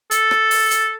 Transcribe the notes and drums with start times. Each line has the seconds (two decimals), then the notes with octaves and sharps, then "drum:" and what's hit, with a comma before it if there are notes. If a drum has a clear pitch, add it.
0.11 A4, drum: hi-hat
0.31 drum: rim click
0.51 drum: open hi-hat
0.71 drum: hi-hat